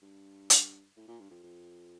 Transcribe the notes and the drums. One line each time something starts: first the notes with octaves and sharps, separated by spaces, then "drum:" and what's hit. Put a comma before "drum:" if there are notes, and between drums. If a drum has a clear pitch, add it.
G2
drum: hi-hat
A2
A#2
G2
F2
F2